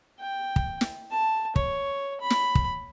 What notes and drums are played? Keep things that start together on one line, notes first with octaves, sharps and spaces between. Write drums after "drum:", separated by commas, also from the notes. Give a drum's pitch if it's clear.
G5
drum: kick
drum: snare
A5
C#5, drum: kick
B5
drum: snare
drum: kick